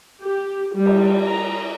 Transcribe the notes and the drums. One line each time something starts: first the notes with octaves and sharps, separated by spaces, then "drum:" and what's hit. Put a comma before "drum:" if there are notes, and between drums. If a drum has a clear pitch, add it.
G4
G3
drum: cymbal
A#5